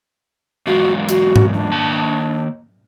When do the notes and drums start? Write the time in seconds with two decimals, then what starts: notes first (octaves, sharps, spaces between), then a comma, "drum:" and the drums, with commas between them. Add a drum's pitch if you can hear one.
0.67 E2 G#2 F4 F#4
1.09 F#4, drum: hi-hat
1.36 drum: tom G#2
1.53 D4
1.71 D#3 A#3 A5